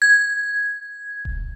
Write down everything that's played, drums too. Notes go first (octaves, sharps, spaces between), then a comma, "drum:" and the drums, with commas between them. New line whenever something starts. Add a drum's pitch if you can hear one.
G#6
drum: kick D#1